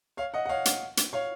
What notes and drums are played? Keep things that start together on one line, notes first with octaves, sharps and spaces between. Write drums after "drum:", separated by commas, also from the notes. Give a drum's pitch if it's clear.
C#5 F5
D#5 F#5
F#5
C#5 F5
drum: hi-hat
drum: hi-hat
C#5 F5